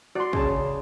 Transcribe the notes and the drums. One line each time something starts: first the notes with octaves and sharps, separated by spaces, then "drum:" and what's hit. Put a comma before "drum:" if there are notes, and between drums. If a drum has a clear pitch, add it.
F#4 D5 C6
C#3 C#4 G#4 A5, drum: kick